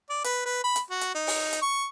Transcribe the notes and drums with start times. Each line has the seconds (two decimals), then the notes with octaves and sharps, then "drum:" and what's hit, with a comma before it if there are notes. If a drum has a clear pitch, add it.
0.09 D5
0.24 B4, drum: hi-hat
0.46 B4
0.64 B5
0.76 drum: hi-hat
0.90 F#4
1.01 drum: hi-hat
1.15 D#4
1.27 drum: open hi-hat
1.53 drum: hi-hat
1.62 C#6